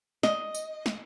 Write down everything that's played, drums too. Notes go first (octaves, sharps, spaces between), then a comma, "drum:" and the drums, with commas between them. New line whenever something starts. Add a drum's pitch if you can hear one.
D#5, drum: snare
drum: tambourine
drum: snare